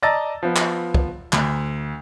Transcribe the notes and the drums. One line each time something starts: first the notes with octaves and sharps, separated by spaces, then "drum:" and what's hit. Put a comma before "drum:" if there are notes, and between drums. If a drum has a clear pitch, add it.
D5 D#5 A5 A#5 E6 A6
F3 B3
drum: clap
drum: kick
D2, drum: clap